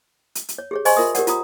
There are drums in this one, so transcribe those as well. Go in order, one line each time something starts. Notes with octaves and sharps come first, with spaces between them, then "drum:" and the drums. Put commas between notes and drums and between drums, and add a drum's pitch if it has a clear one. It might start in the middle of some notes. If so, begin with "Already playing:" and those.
drum: hi-hat
drum: hi-hat
C#5
G4 G#4 C#5
C5 D#5 G#5 C6 C#6, drum: open hi-hat
F4 A#4 E5 D#6
G4 A#4 C#5 D5 F#5, drum: hi-hat
F4 A#5 D#6, drum: hi-hat